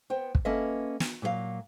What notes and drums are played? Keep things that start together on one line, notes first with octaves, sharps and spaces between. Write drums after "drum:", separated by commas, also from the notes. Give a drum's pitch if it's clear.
B3 C5 G5
drum: kick
A#3 C#4 A4 B4 D#5 E5
drum: snare
A#2 F#3 A#4 F5